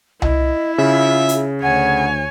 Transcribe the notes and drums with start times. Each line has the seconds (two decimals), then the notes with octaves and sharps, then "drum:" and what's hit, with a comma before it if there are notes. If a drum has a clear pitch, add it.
0.22 E4 D#5, drum: tom C2
0.78 C#3 F4 G#4 E5
1.29 drum: hi-hat
1.63 D2 C#5 F#5 G#5